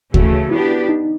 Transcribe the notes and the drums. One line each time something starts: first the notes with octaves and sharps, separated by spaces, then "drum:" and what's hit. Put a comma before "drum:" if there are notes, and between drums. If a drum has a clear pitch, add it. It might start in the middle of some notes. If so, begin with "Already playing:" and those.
C#3 E3 A3 F#4, drum: kick D2
B3 D4 E4 G4
D#4